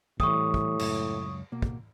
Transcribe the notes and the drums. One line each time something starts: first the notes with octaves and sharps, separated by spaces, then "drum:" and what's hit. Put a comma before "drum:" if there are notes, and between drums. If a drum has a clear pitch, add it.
A2 E3 G3 G5 C#6 D#6, drum: kick
drum: kick
C#2 F#2, drum: cymbal
B2 A#3
drum: kick